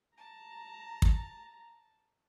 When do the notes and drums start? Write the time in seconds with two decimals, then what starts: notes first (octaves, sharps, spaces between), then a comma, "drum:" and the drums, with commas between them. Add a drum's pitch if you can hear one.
0.17 A5 A#5
1.02 drum: kick